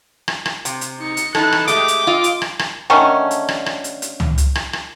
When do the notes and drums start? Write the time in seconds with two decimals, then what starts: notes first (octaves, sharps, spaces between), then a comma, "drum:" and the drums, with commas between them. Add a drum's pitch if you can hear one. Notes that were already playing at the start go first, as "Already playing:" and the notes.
0.28 drum: rim click
0.46 drum: rim click
0.65 C3, drum: hi-hat
0.81 drum: hi-hat
0.99 D#4 C#7
1.17 drum: hi-hat
1.35 E3 D#4 A4 A5 F#6, drum: rim click
1.52 drum: rim click
1.68 G#3 A3 G4 G5 D6 D#6, drum: hi-hat
1.88 drum: hi-hat
2.07 F4 D#5 C6
2.24 drum: hi-hat
2.42 drum: rim click
2.59 drum: rim click
2.90 D3 D#3 A3 C#4
3.31 drum: hi-hat
3.49 drum: rim click
3.66 drum: rim click
3.84 drum: hi-hat
4.02 drum: hi-hat
4.20 drum: tom C#2
4.38 drum: hi-hat
4.55 drum: rim click
4.73 drum: rim click